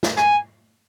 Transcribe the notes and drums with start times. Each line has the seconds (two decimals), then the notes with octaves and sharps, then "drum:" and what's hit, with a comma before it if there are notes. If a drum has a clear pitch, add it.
0.03 drum: snare
0.17 G#5, drum: rim click